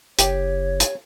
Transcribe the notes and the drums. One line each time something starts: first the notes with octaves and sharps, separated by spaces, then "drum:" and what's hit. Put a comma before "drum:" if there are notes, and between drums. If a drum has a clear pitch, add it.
F#1 G4 C#5, drum: hi-hat
drum: hi-hat